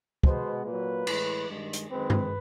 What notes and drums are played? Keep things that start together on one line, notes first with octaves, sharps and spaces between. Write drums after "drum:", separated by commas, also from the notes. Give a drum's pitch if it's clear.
B2 G#3 B3 C5, drum: kick
A#2 F#3 A#3 B4
A2 E3 G#3, drum: cymbal
G2 D#3 G#3
drum: hi-hat
F#2 D#3 G#3 C4 B4
drum: tom G2